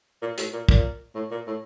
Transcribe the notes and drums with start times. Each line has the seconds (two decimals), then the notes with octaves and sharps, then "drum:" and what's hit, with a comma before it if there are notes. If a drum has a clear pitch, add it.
0.22 A#2
0.38 A2, drum: hi-hat
0.53 A#2
0.69 A#2, drum: kick
1.15 A2
1.31 A#2
1.47 A2